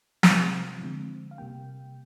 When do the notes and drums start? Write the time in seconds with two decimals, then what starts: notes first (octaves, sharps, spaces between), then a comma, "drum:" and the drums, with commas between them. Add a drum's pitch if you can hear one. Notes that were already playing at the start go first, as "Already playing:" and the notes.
0.23 C3 F3 C4 F4, drum: snare
0.81 D3 F3 G#3 C4
1.31 F5
1.38 C3 G3 A#3 G5